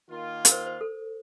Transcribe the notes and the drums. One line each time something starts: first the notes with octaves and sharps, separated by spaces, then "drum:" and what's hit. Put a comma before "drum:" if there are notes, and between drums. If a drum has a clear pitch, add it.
D#3 A#3 F4
A#4, drum: hi-hat
C5
C5
A4